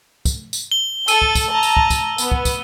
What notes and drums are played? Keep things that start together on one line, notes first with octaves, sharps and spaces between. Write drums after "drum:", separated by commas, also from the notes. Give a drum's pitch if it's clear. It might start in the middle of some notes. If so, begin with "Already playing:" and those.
drum: kick, tambourine
drum: tambourine
G7
A4 E6 D#7, drum: tambourine
drum: kick
drum: kick, tambourine
A5 A#5
drum: tambourine
drum: kick
drum: kick, tambourine
B3, drum: tambourine
drum: kick
drum: kick, tambourine